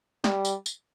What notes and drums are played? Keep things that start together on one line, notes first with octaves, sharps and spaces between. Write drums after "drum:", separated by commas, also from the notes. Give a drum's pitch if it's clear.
G3, drum: snare
drum: tambourine
drum: tambourine